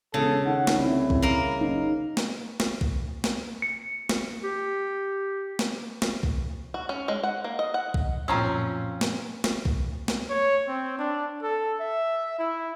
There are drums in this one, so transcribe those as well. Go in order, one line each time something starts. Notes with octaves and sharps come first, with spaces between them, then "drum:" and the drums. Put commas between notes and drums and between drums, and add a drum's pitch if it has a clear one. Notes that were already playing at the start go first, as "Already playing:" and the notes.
E1 C#3 A4
D#3 F#5
drum: snare
C2 E4
drum: kick
A#3 A#4
F#1 D#4
drum: snare
drum: snare
drum: kick
drum: snare
C#7
drum: snare
G4
drum: snare
drum: snare
drum: kick
F#4
C#4
G#3
F#5
A#3
D#5
F#5
drum: kick
F#2 A#2 F3 C4 C#4 A#5 E6
drum: snare
drum: snare
drum: kick
drum: snare
C#5
C4
D4
A4
E5
E4